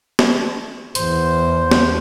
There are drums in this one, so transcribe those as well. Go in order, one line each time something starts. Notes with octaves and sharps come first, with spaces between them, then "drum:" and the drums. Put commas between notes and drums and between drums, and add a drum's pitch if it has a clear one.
drum: snare
E2 C5, drum: hi-hat
drum: snare